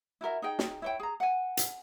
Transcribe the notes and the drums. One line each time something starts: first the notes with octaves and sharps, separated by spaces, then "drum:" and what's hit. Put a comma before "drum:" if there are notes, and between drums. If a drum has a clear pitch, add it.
E4 F#4 A#4 E5
D#4 G#4 G5
drum: snare
E4 C#5 G5
G#4 A#5
F#5 G#5
drum: hi-hat